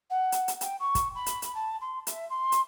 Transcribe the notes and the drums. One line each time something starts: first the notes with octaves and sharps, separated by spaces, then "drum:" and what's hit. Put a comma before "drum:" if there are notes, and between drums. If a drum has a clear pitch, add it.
F#5
drum: hi-hat
drum: hi-hat
G5, drum: hi-hat
C#6
drum: kick, hi-hat
B5
drum: hi-hat
drum: hi-hat
A5
C6
E5, drum: hi-hat
C6
drum: hi-hat